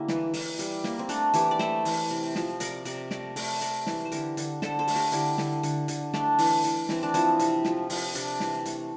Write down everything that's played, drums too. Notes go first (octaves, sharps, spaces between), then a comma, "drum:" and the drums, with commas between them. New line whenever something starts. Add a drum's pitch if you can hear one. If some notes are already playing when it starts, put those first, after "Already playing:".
Already playing: D3 A#3 E4 G4
E3, drum: snare
E3, drum: open hi-hat
G3, drum: hi-hat
A#3, drum: snare
C4
A3 D4, drum: hi-hat
E3 E4 G4, drum: hi-hat
D5
A3 C5 E5, drum: snare
E3, drum: open hi-hat
C3
F3, drum: snare
C3 A#4 D5, drum: hi-hat
C3 A#4 D5, drum: hi-hat
A3 A#4 D5, drum: snare
A3 A#4 D5, drum: open hi-hat
E5
A3 A#4 D5, drum: hi-hat
E3, drum: snare
C5
D3 G4 A#4, drum: hi-hat
D3, drum: hi-hat
D3 A4 C5, drum: snare
A4 C5
A3, drum: open hi-hat
G4 A#4
D3 E4 G4, drum: hi-hat
D3, drum: snare
D3, drum: hi-hat
D3, drum: hi-hat
A3 D4, drum: snare
E3, drum: open hi-hat
E3, drum: hi-hat
E3 C4, drum: snare
D4
F3 C4 E4, drum: hi-hat
C3, drum: hi-hat
F3, drum: snare
F3, drum: open hi-hat
C3 D4, drum: hi-hat
E3, drum: snare
A3, drum: hi-hat